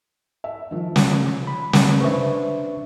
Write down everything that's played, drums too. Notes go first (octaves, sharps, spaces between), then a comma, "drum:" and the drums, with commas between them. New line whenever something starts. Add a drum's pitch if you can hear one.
E5
D#3 F3
drum: snare
B5
drum: snare
D4 B4 C5 E5 C#6